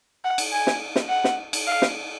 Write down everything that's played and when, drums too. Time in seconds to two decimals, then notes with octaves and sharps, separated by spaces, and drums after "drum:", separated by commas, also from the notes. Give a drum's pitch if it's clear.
0.24 F#5
0.38 drum: cymbal
0.52 G#5
0.67 drum: snare
0.96 drum: snare
1.09 F#5
1.24 drum: snare
1.53 drum: cymbal
1.67 F5
1.82 drum: snare